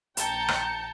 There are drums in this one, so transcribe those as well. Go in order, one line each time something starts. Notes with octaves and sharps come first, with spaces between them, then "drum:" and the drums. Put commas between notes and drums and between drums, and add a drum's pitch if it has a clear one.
A#1 G5 A5 A#5 G6 C#7, drum: hi-hat
drum: rim click